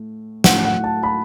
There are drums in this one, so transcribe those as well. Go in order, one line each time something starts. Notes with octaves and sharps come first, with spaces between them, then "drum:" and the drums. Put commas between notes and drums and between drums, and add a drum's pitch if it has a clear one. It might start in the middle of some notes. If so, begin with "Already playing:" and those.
Already playing: A2
A2 F#3 F#5, drum: snare
F#5
A5
B5